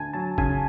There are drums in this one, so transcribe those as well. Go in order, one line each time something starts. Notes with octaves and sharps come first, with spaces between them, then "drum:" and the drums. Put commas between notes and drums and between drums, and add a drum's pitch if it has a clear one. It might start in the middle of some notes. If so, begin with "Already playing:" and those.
Already playing: D2 G#5 A5
F#3 A5
C#3 G#5, drum: kick